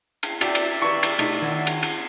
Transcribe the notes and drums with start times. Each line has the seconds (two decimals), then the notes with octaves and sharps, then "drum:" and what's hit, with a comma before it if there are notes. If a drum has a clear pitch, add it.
0.23 drum: cymbal
0.41 D4 F#4 D5 E5 G5, drum: cymbal
0.55 drum: cymbal
0.82 D#3 G3 E4 B4 C#6
1.03 drum: cymbal
1.19 C3 A3 D#4 A5, drum: cymbal
1.42 D#3 E4 F#4 C#5
1.67 drum: cymbal
1.83 drum: cymbal